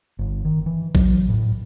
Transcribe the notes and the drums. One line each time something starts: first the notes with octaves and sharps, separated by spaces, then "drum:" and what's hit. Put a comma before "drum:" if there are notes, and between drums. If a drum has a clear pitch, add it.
G1
D#3
E3
F#3, drum: kick A1
A2